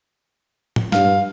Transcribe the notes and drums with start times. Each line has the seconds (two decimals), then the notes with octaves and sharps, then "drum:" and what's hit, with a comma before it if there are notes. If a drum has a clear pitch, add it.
0.76 drum: tom A2
0.92 G2 F5, drum: snare